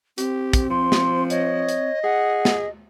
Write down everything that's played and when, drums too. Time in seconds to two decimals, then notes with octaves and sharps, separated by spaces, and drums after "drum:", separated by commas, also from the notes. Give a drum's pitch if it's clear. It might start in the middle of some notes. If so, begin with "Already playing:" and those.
0.18 C4 G4, drum: hi-hat
0.53 drum: kick, hi-hat
0.70 F3 C6
0.92 drum: snare
1.30 C#5 D#5, drum: hi-hat
1.69 drum: hi-hat
2.04 G#4 F#5
2.45 drum: snare